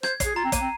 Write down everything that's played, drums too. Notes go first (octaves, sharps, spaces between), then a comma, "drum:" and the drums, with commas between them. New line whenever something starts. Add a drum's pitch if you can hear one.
C5 G#6, drum: rim click
C7, drum: kick, hi-hat
G#4
F4 A#5
C4
A#3 D#7, drum: kick, hi-hat
C4